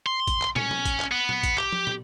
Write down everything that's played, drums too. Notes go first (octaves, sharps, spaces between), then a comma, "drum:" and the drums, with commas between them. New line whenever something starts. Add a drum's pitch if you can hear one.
C6
drum: kick, hi-hat
drum: clap
C#4, drum: tom
drum: tom
drum: kick, hi-hat
drum: clap
B3
drum: tom
drum: kick, hi-hat
G4, drum: clap
drum: tom
drum: tom